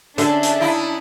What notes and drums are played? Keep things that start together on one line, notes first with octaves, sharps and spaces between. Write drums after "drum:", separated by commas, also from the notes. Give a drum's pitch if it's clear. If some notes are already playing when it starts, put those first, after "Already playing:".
D3 C#4 D4 G#4 A4 E5, drum: hi-hat
drum: hi-hat
D#4 E4